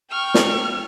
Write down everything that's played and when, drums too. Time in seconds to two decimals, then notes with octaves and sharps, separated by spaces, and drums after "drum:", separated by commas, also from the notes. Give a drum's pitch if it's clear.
0.11 G5 C#6 F6
0.34 drum: snare